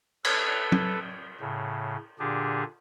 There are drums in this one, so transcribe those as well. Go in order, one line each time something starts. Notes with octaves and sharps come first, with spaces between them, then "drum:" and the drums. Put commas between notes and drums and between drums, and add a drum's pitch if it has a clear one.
A4 B4, drum: cymbal
drum: tom F#3
A2 C#3
A#2 D3 D4 G4 G#4